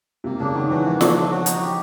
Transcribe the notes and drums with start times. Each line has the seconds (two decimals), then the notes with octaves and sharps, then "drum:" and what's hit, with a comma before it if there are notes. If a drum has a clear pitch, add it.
0.24 C3 A#3
0.40 C#3 D4
0.54 D#3 F#3
0.70 E3 F#4
0.85 F3 A#3
1.01 D4, drum: snare
1.16 F#3
1.31 F#4
1.46 D#4, drum: hi-hat
1.62 G4